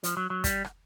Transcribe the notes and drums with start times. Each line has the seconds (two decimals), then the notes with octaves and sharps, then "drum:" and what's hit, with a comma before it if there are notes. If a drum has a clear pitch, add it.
0.04 F3, drum: hi-hat
0.17 F#3
0.30 F#3
0.44 G3, drum: kick, hi-hat
0.64 drum: rim click